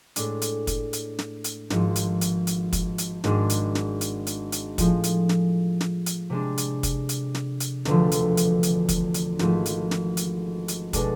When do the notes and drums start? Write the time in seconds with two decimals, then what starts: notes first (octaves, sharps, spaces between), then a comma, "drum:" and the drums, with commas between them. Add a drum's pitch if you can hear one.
0.16 A2 G#3 D4, drum: hi-hat
0.42 drum: hi-hat
0.67 drum: kick, hi-hat
0.93 drum: hi-hat
1.19 drum: snare
1.44 drum: hi-hat
1.70 G#1 G#2 F3, drum: snare
1.96 drum: hi-hat
2.21 drum: hi-hat
2.47 drum: hi-hat
2.73 drum: kick, hi-hat
2.98 drum: hi-hat
3.24 G#1 G#2 G#3 D4, drum: snare
3.50 drum: hi-hat
3.75 drum: snare
4.01 drum: hi-hat
4.27 drum: hi-hat
4.52 drum: hi-hat
4.78 A2 F3 G#3, drum: kick, hi-hat
5.04 drum: hi-hat
5.29 drum: snare
5.81 drum: snare
6.06 drum: hi-hat
6.30 C3 G#3 D4
6.58 drum: hi-hat
6.83 drum: kick, hi-hat
7.09 drum: hi-hat
7.35 drum: snare
7.60 drum: hi-hat
7.85 E1 D2 D3 F3, drum: snare
8.12 drum: hi-hat
8.37 drum: hi-hat
8.63 drum: hi-hat
8.89 drum: kick, hi-hat
9.14 drum: hi-hat
9.39 G#1 G#2 F3 A3, drum: snare
9.66 drum: hi-hat
9.91 drum: snare
10.17 drum: hi-hat
10.68 drum: hi-hat
10.93 B2 G#3 D4 A4, drum: kick, hi-hat